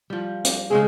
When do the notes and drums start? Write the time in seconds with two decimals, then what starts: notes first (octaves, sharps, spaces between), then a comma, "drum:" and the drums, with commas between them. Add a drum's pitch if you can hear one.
0.10 F3 G3
0.44 drum: hi-hat
0.70 C#3 G#3 C4 G#4